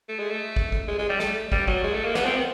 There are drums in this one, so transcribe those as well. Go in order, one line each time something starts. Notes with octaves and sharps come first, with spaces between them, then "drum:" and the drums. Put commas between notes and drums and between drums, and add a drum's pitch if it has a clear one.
A3
G#3
A3
drum: kick
drum: kick
G#3
G#3
G3
A3, drum: snare
G3, drum: kick
F#3, drum: kick
G#3
A3
A#3
B3, drum: snare
C4
B3